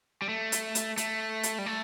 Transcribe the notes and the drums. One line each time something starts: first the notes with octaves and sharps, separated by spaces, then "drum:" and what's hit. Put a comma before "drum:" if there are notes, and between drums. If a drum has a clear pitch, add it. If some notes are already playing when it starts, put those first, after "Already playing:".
G3
A3
drum: hi-hat
drum: hi-hat
A3, drum: hi-hat
drum: hi-hat
G3
A3